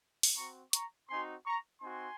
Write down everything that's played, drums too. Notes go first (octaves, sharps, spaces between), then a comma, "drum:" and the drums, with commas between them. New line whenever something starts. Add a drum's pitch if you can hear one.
drum: open hi-hat
C4 F#4 A#5 C#6
A#5 C#6, drum: hi-hat
C4 D#4 F#4 G#5 C6
A#5 C#6
C4 D#4 F#4 G#5 C6